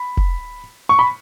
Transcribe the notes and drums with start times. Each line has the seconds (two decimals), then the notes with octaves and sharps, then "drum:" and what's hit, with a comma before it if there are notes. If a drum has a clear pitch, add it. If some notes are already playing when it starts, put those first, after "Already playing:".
Already playing: B5
0.17 drum: kick
0.89 C#6
0.99 B5